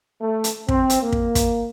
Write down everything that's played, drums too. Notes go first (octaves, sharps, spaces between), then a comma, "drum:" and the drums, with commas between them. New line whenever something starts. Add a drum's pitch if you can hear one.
A3
drum: hi-hat
C4, drum: kick
drum: hi-hat
A#3
drum: kick
drum: kick, hi-hat